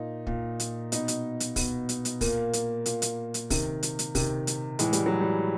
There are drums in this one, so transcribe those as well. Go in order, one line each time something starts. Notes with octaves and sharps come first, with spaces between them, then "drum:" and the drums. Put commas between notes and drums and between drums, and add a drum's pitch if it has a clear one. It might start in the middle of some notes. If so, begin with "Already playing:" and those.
Already playing: A#2 D#4
A#2, drum: kick
drum: hi-hat
B2 D#4, drum: hi-hat
drum: hi-hat
drum: hi-hat
B2, drum: kick, open hi-hat
drum: hi-hat
drum: hi-hat
A#2 A#3, drum: kick, open hi-hat
drum: hi-hat
A#2, drum: hi-hat
drum: hi-hat
drum: hi-hat
C3 D#3, drum: kick, open hi-hat
drum: hi-hat
drum: hi-hat
C3 D#3, drum: kick, open hi-hat
drum: hi-hat
A2 E3 G#3, drum: hi-hat
G3, drum: hi-hat
F#3
G3